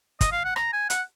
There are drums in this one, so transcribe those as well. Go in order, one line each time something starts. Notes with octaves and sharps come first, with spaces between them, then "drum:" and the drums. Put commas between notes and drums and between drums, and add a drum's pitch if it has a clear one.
D#5, drum: kick, hi-hat
F5
F#5
A#5, drum: rim click
G#5
F#5, drum: hi-hat